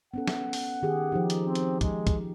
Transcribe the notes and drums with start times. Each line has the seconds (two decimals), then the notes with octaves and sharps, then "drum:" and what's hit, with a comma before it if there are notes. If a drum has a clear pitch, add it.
0.14 B3 C#4 A4 F#5
0.28 drum: snare
0.53 drum: open hi-hat
0.83 D#3 G4 G#4
1.12 F3 D#4 G4
1.30 drum: hi-hat
1.46 C4
1.55 drum: hi-hat
1.81 G#3, drum: kick, hi-hat
2.07 drum: kick, hi-hat